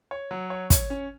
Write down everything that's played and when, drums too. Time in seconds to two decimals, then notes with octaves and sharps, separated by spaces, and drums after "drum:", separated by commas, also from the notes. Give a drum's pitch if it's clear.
0.11 C#5
0.31 F#3
0.50 C#5
0.70 C#5, drum: kick, hi-hat
0.90 C#4